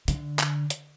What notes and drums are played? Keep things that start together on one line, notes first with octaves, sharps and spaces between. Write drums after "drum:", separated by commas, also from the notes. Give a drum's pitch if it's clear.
D3, drum: hi-hat
drum: clap
drum: hi-hat